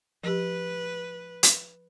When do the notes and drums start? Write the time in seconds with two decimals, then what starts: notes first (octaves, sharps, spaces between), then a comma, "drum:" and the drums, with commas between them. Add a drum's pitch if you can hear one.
0.24 F3 G4 B4
1.43 drum: hi-hat